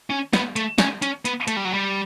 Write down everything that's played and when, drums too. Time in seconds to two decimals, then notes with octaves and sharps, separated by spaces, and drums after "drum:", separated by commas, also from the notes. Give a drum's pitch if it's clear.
0.10 C#4
0.33 B3, drum: snare
0.56 A3, drum: hi-hat
0.78 C#4, drum: snare
1.02 C#4, drum: hi-hat
1.25 B3, drum: hi-hat
1.48 A3, drum: hi-hat
1.56 G3
1.65 F#3
1.73 G3